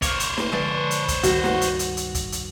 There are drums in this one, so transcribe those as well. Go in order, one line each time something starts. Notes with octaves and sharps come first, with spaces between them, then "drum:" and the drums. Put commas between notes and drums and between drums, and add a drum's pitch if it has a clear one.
A#3 C5 C#5, drum: kick, hi-hat
drum: hi-hat
drum: snare
D3 F3 G#3 D4 B4
drum: hi-hat
drum: kick, hi-hat
C#2 G2 D#3 F#4 F#5, drum: hi-hat
drum: snare
drum: hi-hat
drum: hi-hat
drum: hi-hat
drum: kick, hi-hat
drum: hi-hat